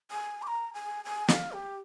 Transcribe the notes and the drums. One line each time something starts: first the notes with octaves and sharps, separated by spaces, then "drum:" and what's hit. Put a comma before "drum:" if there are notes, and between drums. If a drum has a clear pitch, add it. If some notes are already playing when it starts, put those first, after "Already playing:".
G#5
D6
A#5
G#5
G#5
F5, drum: snare
G4